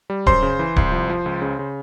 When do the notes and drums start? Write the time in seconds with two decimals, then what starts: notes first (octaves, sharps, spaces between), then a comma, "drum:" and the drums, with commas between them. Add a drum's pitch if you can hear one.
0.10 G3
0.26 F#2 C5 C6, drum: kick D1
0.42 C#3
0.59 E3
0.76 C2, drum: kick D1
0.92 F3
1.10 F3
1.26 C#2
1.42 C#3
1.59 C#3